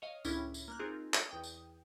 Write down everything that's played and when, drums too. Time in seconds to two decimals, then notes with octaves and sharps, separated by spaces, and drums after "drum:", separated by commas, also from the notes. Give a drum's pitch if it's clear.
0.02 C#5 D#5 F5
0.25 C#2 A2 C#4 D4 E4 B5, drum: tambourine
0.54 drum: tambourine
0.68 A#3 F6 F#6
0.79 C4 D#4 F4 G#4 A#4
1.14 drum: clap
1.29 E2 G5 D#6
1.43 drum: tambourine